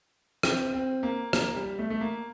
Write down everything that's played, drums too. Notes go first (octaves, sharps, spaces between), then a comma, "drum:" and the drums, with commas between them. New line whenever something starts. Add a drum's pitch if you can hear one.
C4, drum: rim click
C4
A#3
A#3, drum: rim click
G3
A3
A3
A#3